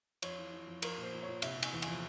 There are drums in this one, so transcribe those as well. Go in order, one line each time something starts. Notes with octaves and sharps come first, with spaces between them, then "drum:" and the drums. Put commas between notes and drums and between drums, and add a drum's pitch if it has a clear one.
F2 C#5, drum: cymbal
E3
E3
F2
F3 A#4, drum: cymbal
A#2 C5
F3
A#2 C#5
C3 E5, drum: cymbal
C3
G#5, drum: cymbal
E2
G#5, drum: cymbal
F3